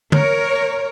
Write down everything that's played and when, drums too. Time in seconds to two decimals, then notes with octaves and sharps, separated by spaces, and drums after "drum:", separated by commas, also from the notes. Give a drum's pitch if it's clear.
0.12 A#4 C#5, drum: tom